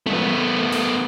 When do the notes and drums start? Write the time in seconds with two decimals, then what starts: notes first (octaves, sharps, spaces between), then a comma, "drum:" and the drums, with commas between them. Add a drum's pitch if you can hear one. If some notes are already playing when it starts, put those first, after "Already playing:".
0.06 A3 B3, drum: tom
0.73 drum: open hi-hat